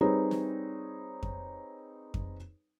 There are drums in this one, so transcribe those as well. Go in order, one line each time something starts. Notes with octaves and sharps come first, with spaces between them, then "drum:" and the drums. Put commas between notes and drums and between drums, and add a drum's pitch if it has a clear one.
G3 C4 D#4 G#4 B4 C#5
drum: snare
drum: kick F2
drum: kick F2